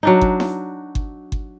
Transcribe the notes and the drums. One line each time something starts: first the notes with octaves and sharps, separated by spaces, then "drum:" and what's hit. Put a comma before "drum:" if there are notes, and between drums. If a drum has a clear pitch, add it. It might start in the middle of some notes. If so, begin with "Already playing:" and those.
F#3 D4 D#4
drum: kick G1
drum: snare E4
drum: kick G1
drum: kick G1